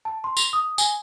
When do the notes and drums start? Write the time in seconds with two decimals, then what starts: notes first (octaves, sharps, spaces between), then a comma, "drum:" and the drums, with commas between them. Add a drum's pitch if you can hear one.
0.05 A5
0.24 C6
0.37 F7, drum: tambourine
0.53 D#6
0.78 G#5, drum: tambourine